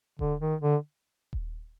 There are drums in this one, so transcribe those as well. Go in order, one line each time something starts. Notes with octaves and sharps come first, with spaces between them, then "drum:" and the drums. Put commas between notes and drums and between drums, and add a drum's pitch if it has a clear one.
D3, drum: kick D#1
D#3
D3
drum: kick D#1